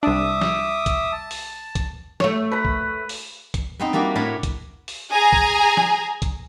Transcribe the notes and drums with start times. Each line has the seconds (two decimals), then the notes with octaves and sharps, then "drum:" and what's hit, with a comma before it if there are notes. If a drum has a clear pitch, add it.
0.03 C2 D4 E5 D6 D#6
0.41 drum: snare
0.86 drum: kick, hi-hat
1.12 A5
1.31 drum: open hi-hat
1.75 drum: kick, hi-hat
2.20 A3 C#5, drum: snare
2.52 B4 A#5 B5
2.65 drum: kick
3.09 drum: open hi-hat
3.54 drum: kick, hi-hat
3.79 B3 C4 D#4
3.93 G3 A#3 D4 E4 F#4
4.16 A2 A3 D4 A#4 C#5 B5
4.43 drum: kick, hi-hat
4.88 drum: open hi-hat
5.13 G#4 G#5 A#5
5.33 drum: kick
5.77 drum: snare
6.22 drum: kick, hi-hat